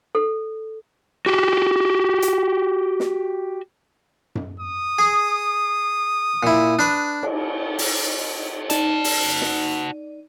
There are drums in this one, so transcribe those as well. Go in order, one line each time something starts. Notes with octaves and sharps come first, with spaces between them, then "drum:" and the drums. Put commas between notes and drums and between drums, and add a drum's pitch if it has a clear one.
A4
F#4 G4
drum: hi-hat
drum: snare
drum: tom F#2
D#6
G#4
A#2 E4
D4 B4
drum: cymbal
drum: open hi-hat
D#4 F#4 D5 A5, drum: hi-hat
drum: open hi-hat
drum: snare